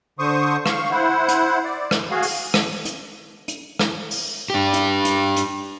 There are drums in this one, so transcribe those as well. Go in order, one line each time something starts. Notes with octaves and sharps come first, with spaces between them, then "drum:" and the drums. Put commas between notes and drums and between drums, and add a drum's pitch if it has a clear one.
D3 C5 C#6 D#6
F5 C#6, drum: rim click
E4 C5 F#5
drum: hi-hat
D5
drum: rim click
F#4 G#4 F5
drum: open hi-hat
drum: rim click
drum: hi-hat
drum: hi-hat
drum: rim click
drum: open hi-hat
D4 G4
drum: hi-hat
drum: hi-hat
drum: hi-hat